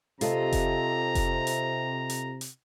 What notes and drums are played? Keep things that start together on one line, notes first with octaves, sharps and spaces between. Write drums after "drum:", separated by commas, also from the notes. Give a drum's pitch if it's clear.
C3 F4 A4 D#5 A#5, drum: hi-hat
drum: kick F1, hi-hat
drum: kick F1, hi-hat
drum: hi-hat
drum: hi-hat
drum: hi-hat